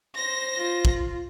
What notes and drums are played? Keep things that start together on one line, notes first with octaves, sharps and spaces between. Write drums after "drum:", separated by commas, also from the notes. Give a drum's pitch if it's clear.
C5 A#6
F4
drum: kick